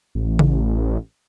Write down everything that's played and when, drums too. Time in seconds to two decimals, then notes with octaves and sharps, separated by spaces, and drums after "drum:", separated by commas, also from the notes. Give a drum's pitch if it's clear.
0.15 A1
0.39 drum: tom C#3